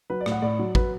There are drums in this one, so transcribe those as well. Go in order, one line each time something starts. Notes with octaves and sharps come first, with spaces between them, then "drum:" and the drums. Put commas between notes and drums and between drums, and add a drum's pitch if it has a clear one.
F#3 B4
D5
A2, drum: rim click
F#5
A2 D5
F#3
F#3 B4, drum: kick